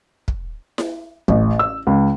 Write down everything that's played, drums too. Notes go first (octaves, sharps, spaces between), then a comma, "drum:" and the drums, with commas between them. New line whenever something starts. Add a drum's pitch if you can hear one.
drum: kick
drum: snare E4
A1, drum: kick
E6
C#2